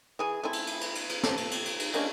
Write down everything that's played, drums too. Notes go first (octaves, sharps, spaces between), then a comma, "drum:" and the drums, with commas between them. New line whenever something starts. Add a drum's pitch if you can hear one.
E3 G#4
A3 C4 E4
drum: cymbal
drum: cymbal
drum: cymbal
drum: cymbal
drum: cymbal
A4, drum: snare
drum: cymbal
drum: cymbal
drum: cymbal
drum: cymbal
G#3 A#3 C#4 D4, drum: cymbal